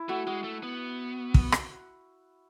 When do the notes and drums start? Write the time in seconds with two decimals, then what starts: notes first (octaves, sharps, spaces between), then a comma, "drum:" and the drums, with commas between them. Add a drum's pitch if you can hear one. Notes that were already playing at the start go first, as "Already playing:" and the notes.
Already playing: E4
0.09 A3 F#4
0.27 G#3 F#4
0.44 A3
0.63 B3
1.34 drum: kick
1.52 drum: rim click